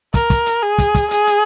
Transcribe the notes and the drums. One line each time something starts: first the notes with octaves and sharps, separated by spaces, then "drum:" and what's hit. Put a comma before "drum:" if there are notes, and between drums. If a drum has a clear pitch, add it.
A#4, drum: kick, hi-hat
drum: kick, hi-hat
drum: hi-hat
G#4
drum: kick, hi-hat
drum: kick, hi-hat
G#4, drum: hi-hat
drum: hi-hat